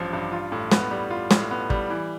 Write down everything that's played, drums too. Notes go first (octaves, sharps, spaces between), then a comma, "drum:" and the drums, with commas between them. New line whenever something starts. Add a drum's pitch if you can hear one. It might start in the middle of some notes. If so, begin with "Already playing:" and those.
Already playing: A1 G2 F3
G2
F4
A2
B3, drum: snare
G3
F4
A2, drum: snare
B3
G3, drum: kick
E3